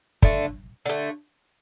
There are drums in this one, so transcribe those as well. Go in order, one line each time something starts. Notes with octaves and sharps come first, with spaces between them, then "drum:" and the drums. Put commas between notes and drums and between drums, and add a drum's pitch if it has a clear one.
D3 A3, drum: kick
D3 A3